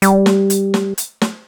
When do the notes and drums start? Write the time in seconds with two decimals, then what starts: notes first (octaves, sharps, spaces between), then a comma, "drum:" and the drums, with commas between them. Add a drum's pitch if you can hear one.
0.02 G3, drum: hi-hat
0.26 drum: snare
0.50 drum: hi-hat
0.74 drum: snare
0.98 drum: hi-hat
1.22 drum: snare